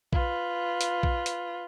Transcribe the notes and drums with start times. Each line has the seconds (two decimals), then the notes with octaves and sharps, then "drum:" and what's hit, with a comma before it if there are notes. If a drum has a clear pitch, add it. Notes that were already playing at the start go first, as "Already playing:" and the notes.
0.13 F4 B4, drum: kick A#1
0.81 drum: hi-hat
1.03 drum: kick A#1
1.26 drum: hi-hat